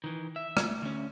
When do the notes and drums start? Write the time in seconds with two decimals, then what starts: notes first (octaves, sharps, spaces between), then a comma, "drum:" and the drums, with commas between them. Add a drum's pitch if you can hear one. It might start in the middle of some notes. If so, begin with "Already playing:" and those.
0.04 D#3 E3
0.36 E5
0.57 drum: rim click
0.82 D2 C#4